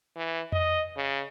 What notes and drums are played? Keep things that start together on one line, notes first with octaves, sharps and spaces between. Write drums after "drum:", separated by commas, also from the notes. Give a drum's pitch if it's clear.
E3
D#5, drum: tom F2
C#3